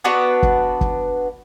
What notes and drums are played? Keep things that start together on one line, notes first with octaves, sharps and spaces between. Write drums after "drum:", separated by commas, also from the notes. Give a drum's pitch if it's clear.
B3 D4 F#4 B4
drum: kick
drum: kick